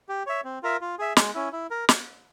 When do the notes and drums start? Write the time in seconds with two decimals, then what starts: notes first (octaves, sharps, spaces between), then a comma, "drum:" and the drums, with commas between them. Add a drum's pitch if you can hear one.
0.09 G4
0.26 C#5 E5
0.44 C4
0.63 F4 A#4 E5
0.81 F4
0.99 G#4 E5
1.17 G#3, drum: snare
1.34 C#4 E4
1.53 E4
1.71 A#4
1.89 drum: snare